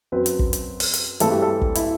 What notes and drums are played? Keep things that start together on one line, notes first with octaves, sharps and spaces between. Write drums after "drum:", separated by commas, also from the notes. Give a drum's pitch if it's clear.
F#2 F#3 C4 B4
drum: hi-hat
drum: kick
drum: hi-hat
drum: open hi-hat
drum: hi-hat
G2 E3 A3 C4 A4, drum: hi-hat
G4
A4
drum: kick
E4, drum: hi-hat